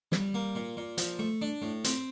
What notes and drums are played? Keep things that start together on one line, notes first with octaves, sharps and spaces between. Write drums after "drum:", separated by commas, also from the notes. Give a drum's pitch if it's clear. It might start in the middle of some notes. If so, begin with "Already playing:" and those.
G3, drum: snare
A#3
A#2
A#2
F3, drum: hi-hat
A3
D4
A2
C4, drum: hi-hat